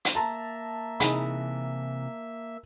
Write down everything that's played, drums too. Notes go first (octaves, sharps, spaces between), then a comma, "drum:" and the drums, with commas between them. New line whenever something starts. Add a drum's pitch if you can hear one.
drum: hi-hat
A#3 E5 A5 A#5
C3 E3 D#4 G#4 B5, drum: hi-hat